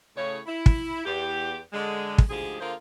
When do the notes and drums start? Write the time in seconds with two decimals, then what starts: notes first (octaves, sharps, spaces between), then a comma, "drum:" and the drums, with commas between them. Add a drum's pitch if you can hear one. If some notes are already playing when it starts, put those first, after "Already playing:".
0.16 A2 C#3 C#5
0.47 E4
0.66 drum: kick
1.05 E2 G4
1.73 D3 G#3
2.18 drum: kick
2.30 D2 G#2 F3 G4 G#4
2.60 D3 A#3 F4 G#4 A#4 C5